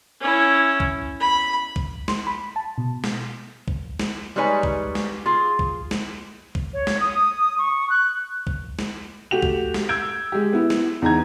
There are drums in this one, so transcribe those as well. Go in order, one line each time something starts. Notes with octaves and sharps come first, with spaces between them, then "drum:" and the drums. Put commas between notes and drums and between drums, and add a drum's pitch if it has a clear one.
C#4 E4
drum: kick
B5
drum: kick
C6, drum: snare
B5
A5
B2
drum: snare
drum: kick
drum: snare
G3 G#3 D#4 B4 C#5 G#5
drum: kick
drum: snare
F4 G#4
drum: kick
drum: snare
drum: kick
C#5
drum: snare
D#6
C#6
F#6
drum: kick
drum: snare
A3 F#4 G4 F7
drum: kick
drum: snare
E6 G6 G#6 D7
G#3 G4
B3 E4
drum: snare
E2 D#4 A#5 G#6